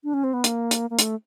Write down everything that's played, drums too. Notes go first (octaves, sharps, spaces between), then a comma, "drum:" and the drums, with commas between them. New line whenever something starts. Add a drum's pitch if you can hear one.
D4
C#4
C4
B3
A#3, drum: hi-hat
drum: hi-hat
A#3
A3, drum: hi-hat